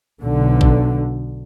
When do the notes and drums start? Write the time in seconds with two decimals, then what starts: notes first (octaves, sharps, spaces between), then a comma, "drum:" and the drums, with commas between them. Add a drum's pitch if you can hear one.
0.22 B1 D3
0.61 drum: kick A1